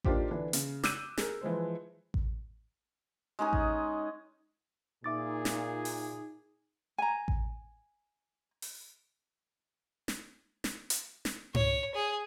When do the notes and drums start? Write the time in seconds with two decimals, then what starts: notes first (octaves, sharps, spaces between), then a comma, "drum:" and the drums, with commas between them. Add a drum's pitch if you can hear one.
0.04 A#3 D4 D#4 F4 G4 C5, drum: kick A1
0.31 D3 E3 D4
0.53 C#3, drum: hi-hat
0.83 D6 E6 F#6 G6 D#7, drum: snare
1.17 G#4 A#4, drum: snare
1.41 E3 F3 G#3 C5
2.14 drum: kick A1
3.39 G#3 C#4 D#4 G#4
3.53 drum: kick A1
5.04 A#2 D#4 G#4 E5 D6 A6
5.45 drum: snare
5.85 drum: open hi-hat
6.98 G#5 A#5
7.28 drum: kick A1
8.62 drum: open hi-hat
10.08 drum: snare
10.64 drum: snare
10.90 drum: hi-hat
11.25 drum: snare
11.55 C#5, drum: tom G#2
11.95 G#4